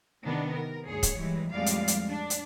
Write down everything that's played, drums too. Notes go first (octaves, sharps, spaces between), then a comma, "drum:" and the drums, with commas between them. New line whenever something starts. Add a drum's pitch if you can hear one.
C3 D#3 B3 D4
A#4
D2 G2 G#4 C#5
drum: kick, hi-hat
E3 G3 G#3
F2 A2 G3 G#3 D5 F5
drum: hi-hat
drum: hi-hat
D4
drum: hi-hat